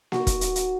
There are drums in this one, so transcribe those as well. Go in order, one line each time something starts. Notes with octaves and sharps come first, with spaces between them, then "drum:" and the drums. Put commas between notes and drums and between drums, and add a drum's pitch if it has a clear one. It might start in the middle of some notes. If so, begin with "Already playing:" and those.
A#3 D#4 F#4, drum: snare A#3
drum: kick E1, hi-hat
drum: hi-hat
drum: hi-hat